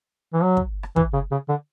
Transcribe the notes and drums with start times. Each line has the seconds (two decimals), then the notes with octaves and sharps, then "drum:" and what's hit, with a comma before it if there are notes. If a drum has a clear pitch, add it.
0.34 E3
0.43 F#3
0.57 drum: kick
0.83 drum: rim click
0.96 E3, drum: kick
1.13 C#3
1.31 C#3
1.49 D3